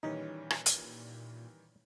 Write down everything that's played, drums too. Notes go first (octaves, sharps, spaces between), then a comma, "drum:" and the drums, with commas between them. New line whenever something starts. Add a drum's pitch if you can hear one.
A#2 D#3 E3 G3 C#4 D#4
drum: rim click
drum: hi-hat